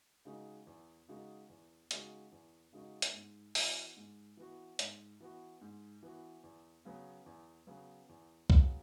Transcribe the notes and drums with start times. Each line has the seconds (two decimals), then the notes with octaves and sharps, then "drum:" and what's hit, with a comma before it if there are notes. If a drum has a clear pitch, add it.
0.25 C#3 G#3 D#4 F#4
0.67 E2
1.08 C#3 G#3 D#4 F#4
1.49 E2
1.91 C#3 G#3 D#4 F#4, drum: hi-hat
2.32 E2
2.73 C#3 G#3 D#4 F#4
3.02 drum: hi-hat
3.13 G#2
3.55 E3 B3 F#4, drum: open hi-hat
3.97 G#2
4.37 E3 B3 F#4
4.79 G#2, drum: hi-hat
5.20 E3 B3 F#4
5.61 G#2
6.03 E3 B3 F#4
6.44 E2
6.85 C#3 F#3 B3
7.26 E2
7.67 C#3 F#3 B3
8.09 E2
8.50 C#3 F#3 B3, drum: kick